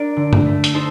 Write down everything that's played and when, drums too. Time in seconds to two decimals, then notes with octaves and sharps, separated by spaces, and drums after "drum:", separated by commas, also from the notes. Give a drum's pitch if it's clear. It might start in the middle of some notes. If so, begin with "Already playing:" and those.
Already playing: D4 A#4 D5
0.17 D3
0.33 drum: tom G2
0.46 A3
0.64 drum: hi-hat
0.74 D#4 A4 C5